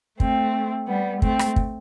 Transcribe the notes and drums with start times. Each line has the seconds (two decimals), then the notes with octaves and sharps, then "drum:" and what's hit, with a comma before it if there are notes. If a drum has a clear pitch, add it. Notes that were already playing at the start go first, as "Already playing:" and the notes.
0.20 A3 C4, drum: kick
0.88 G3 B3
1.22 A3 C4, drum: kick
1.39 drum: rim click
1.56 drum: kick